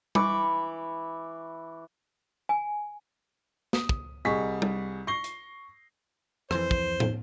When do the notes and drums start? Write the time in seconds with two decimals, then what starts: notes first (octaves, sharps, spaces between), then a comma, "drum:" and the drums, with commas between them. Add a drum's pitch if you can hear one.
0.15 E3 B5 C#6 D6, drum: tom G3
2.49 G#5
3.73 D#6, drum: snare
3.89 drum: kick
4.25 C2 G3 G#4 D#5 C#6 B6
4.62 drum: tom G3
5.07 C#6 A#6 C7 G7
5.24 drum: hi-hat
6.51 F2 E3 C5, drum: rim click
6.71 drum: kick
7.00 drum: tom